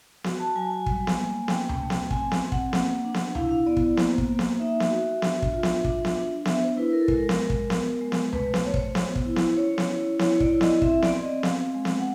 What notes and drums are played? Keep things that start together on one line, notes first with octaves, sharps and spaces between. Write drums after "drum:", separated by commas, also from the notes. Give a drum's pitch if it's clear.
F#4, drum: snare B3
A5
F#3 G#5
G#5
G3, drum: kick
drum: snare B3
A#3
C#4 G5, drum: snare B3
drum: tom C#2
A3
drum: snare B3
C4 G#5, drum: kick
drum: snare B3
C4
F#5, drum: kick
A#3, drum: snare B3
D4
drum: snare B3
E4 F5, drum: tom C#2
F5
B3 D5
drum: kick
A#3 C5, drum: snare B3
drum: kick
A#3
drum: snare B3
D#4 E5
drum: snare B3
F#4
D4, drum: snare B3
drum: kick
F4
drum: snare B3
D4, drum: kick
drum: snare B3
D4
B3 E5, drum: snare B3
C5
E4 B4
A#4
A4
G#3 A#4, drum: kick
drum: snare B3
G#3
drum: kick
B3, drum: snare B3
G#3
drum: snare B3
A3 B4, drum: tom C#2
C5, drum: snare B3
A3 C#5
C5, drum: kick
B3, drum: snare B3
drum: kick
E4
drum: snare B3
C#4 C#5
drum: snare B3
E4
E4 C#5, drum: snare B3
D5, drum: kick
E4
D#5, drum: snare B3
C4 E5, drum: kick
D5, drum: snare B3
C4
D#5
C4 F5, drum: snare B3
G#3
drum: snare B3
F#5